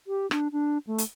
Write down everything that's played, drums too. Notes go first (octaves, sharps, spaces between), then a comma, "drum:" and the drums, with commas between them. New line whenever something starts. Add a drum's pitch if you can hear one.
G4
D4, drum: rim click
D4
A3
drum: hi-hat